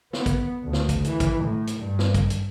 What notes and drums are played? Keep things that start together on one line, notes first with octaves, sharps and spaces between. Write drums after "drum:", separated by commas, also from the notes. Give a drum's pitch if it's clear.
B3, drum: snare
drum: kick, hi-hat
D2
drum: snare
drum: kick, hi-hat
E3, drum: hi-hat
drum: kick, hi-hat
A2
drum: hi-hat
G2
drum: snare
drum: kick, hi-hat
drum: hi-hat